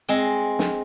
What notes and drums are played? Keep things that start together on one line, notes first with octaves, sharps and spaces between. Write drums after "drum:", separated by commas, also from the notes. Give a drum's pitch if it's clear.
G#3 C4
drum: snare